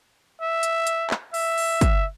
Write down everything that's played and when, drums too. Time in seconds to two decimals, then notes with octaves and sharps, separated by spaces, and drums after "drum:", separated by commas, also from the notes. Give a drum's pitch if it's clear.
0.42 E5
0.63 drum: hi-hat
0.87 drum: hi-hat
1.10 drum: clap
1.34 E5, drum: open hi-hat
1.58 drum: open hi-hat
1.81 drum: kick, hi-hat